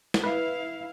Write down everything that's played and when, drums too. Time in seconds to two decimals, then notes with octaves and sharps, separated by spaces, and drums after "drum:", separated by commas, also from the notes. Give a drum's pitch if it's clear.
0.14 drum: snare
0.24 E4 B4 F5